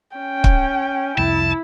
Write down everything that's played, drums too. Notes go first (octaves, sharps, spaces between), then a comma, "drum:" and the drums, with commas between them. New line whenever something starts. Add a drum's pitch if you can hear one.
C#4 G5
drum: kick
C2 F2 C3 E4 A5